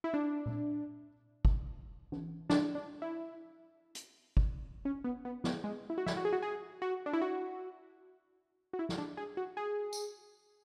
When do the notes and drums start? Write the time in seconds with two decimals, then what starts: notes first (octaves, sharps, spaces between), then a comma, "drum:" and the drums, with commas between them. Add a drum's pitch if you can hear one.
0.04 E4
0.14 D4
0.46 drum: tom A#2
1.45 drum: kick
2.12 drum: tom
2.50 D4, drum: snare
2.75 D4
3.02 E4
3.95 drum: hi-hat
4.37 drum: kick
4.85 C#4
5.04 B3
5.25 B3
5.44 B3, drum: snare
5.64 G#3
5.90 E4
5.98 F#4
6.06 E4, drum: snare
6.17 F#4
6.25 G#4
6.33 F#4
6.42 G#4
6.82 F#4
7.06 D4
7.13 E4
7.22 F#4
8.73 F#4
8.79 E4
8.89 drum: snare
8.98 D4
9.17 G#4
9.37 F#4
9.57 G#4
9.93 drum: tambourine